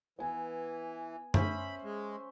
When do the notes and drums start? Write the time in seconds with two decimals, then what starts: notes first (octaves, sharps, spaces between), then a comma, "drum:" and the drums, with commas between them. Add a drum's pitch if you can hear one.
0.19 E3 B3 G#5
1.34 C#4 C5 E5 B5, drum: tom F#2
1.84 G#3